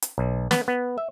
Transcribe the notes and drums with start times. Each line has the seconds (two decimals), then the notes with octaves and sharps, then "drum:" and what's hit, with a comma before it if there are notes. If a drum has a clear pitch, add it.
0.02 drum: hi-hat
0.18 B1
0.51 B3, drum: snare
0.68 B3
0.98 E5